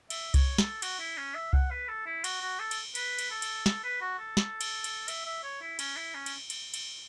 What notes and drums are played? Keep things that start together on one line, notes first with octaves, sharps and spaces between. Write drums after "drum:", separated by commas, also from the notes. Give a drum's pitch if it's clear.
E5, drum: cymbal
C#5, drum: kick C2, cymbal
A4, drum: snare
F#4, drum: cymbal
E4
C#4
E5
F#5, drum: kick C2
B4
A4
E4
F#4, drum: cymbal
F#4
A4
drum: cymbal
B4, drum: cymbal
drum: cymbal
A4
drum: cymbal
A4, drum: snare
B4
F#4
A4
drum: snare
drum: cymbal
drum: cymbal
E5, drum: cymbal
E5
C#5
E4
C#4, drum: cymbal
E4
C#4
drum: cymbal
drum: cymbal
drum: cymbal